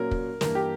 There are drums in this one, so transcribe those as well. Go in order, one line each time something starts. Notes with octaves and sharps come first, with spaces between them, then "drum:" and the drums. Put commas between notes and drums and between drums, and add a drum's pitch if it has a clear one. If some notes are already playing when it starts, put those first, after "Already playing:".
Already playing: A#2 F#3 A#3 C#4 A#4
drum: kick
G2 E3 A#3 A#4, drum: snare
G4